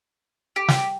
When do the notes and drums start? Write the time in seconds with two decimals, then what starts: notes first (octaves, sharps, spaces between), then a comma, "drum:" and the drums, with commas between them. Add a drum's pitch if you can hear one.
0.56 G4
0.68 drum: snare